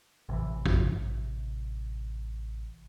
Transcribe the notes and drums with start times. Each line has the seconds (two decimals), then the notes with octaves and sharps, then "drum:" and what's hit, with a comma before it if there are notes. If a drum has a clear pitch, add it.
0.29 A1 C3 E3
0.66 drum: kick A1